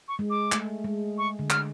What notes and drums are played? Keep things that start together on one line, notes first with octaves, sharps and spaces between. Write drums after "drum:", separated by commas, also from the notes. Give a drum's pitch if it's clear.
C#6
G#3
D6
A3, drum: clap
G#3
C#6
D3
F6, drum: clap